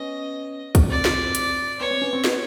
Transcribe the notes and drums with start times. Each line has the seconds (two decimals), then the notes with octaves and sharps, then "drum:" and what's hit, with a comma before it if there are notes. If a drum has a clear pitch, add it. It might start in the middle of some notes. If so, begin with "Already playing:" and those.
Already playing: B3 C#4 D#5
0.75 drum: kick, hi-hat
0.89 C4 D5
1.05 drum: snare
1.35 drum: hi-hat
1.80 B3 C#5
1.91 C4
2.01 B3 C#4
2.13 C4
2.24 B3, drum: snare